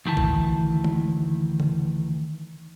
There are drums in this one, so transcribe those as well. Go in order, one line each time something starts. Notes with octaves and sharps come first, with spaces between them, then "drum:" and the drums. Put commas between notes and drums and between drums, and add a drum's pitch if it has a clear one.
D2 D#3 E3 A5
drum: kick
drum: tom G#3
drum: tom C#3